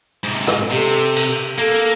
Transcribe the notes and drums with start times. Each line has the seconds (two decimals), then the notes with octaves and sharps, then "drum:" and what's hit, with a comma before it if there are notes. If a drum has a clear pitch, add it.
0.24 G#2 C3
0.47 drum: rim click
0.71 C3 G4 A4, drum: hi-hat
1.16 drum: cymbal
1.58 A#3 A4